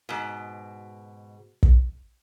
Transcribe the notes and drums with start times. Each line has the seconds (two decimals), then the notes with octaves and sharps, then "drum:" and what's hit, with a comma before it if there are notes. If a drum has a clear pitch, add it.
0.09 G#2 B2
1.63 drum: kick